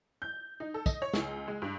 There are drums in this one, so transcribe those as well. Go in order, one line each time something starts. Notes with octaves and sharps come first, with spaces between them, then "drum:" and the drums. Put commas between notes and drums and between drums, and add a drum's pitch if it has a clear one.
G6
D#4
A4
D#5, drum: kick, tambourine
C#5
C#2, drum: snare
G#3
G2